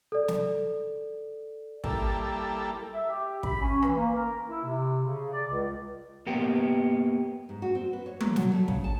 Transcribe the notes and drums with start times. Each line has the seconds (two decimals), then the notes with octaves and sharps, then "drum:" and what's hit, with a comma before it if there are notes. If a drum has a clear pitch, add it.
0.12 A4 D5
0.28 drum: snare
1.84 G3 A#3 E4 A4, drum: kick
2.93 E5
3.08 G4
3.43 B5, drum: kick
3.60 C#4
3.82 E3, drum: rim click
3.97 A#3
4.14 A#4
4.48 E4
4.64 C3
5.03 C#3
5.32 D5
5.50 C#2
6.27 A#3 B3 G4
7.49 G#2
7.62 F#4
7.75 C4
7.93 B4
8.06 C#5
8.21 A#3, drum: tom
8.36 F#3, drum: snare
8.52 A3
8.68 C#3, drum: kick
8.84 A5